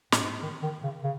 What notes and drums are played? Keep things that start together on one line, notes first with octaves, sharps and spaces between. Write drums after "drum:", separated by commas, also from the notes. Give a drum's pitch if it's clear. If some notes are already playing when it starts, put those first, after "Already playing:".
A2, drum: snare
G#2
D#3
D#3
C#3
C#3